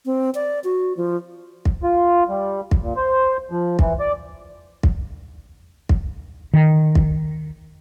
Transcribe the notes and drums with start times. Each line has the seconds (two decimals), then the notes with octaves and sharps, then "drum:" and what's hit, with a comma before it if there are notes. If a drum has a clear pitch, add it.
0.06 C4
0.35 D5
0.64 F#4
0.97 F3
1.65 drum: kick
1.83 F4
2.29 G3
2.71 drum: kick
2.82 A#2
2.96 C5
3.51 F3
3.79 E3, drum: kick
4.00 D5
4.83 drum: kick
5.89 drum: kick
6.54 D#3
6.95 drum: kick